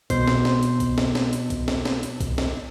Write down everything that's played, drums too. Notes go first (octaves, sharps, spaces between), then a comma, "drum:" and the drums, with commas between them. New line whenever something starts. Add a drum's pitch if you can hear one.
B2 C5, drum: kick B1, hi-hat
drum: snare
drum: snare
drum: hi-hat
drum: kick B1, hi-hat
drum: snare
drum: snare
drum: hi-hat
drum: kick B1, hi-hat
drum: snare
drum: snare
drum: hi-hat
drum: kick B1, hi-hat
drum: snare